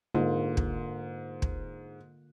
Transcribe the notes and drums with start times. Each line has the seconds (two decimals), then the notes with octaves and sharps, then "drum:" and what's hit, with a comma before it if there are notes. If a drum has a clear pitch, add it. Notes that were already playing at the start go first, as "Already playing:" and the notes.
0.15 G#2 D3 A#3 F4
0.57 drum: kick
1.42 drum: kick